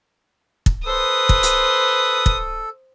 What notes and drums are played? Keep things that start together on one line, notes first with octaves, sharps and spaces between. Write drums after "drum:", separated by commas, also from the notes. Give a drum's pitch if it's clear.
drum: kick
A4 B4 C5 D#6
drum: kick
drum: hi-hat
drum: kick